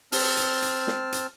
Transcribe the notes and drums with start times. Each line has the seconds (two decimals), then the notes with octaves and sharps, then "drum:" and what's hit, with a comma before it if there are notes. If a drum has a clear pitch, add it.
0.12 C4 A5 F6, drum: open hi-hat
0.37 drum: hi-hat
0.62 drum: hi-hat
0.87 drum: snare
1.12 drum: hi-hat